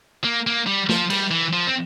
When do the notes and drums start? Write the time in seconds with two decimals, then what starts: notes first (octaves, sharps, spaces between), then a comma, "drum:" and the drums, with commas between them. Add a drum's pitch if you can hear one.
0.24 A#3
0.47 A#3
0.67 G3
0.89 F3, drum: snare
1.10 G3, drum: cymbal
1.31 E3
1.53 F3
1.67 C4